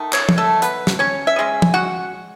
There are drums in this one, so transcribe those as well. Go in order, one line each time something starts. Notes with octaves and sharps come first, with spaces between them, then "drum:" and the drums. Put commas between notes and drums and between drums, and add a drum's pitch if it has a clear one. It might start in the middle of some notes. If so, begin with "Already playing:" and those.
Already playing: D#3 A3
C#4 C#5, drum: clap
drum: tom
A3 A4
B3 B4, drum: hi-hat
drum: snare
C#4 C#5
E5
C#3 G#3 C#4
drum: tom
F#4 F#5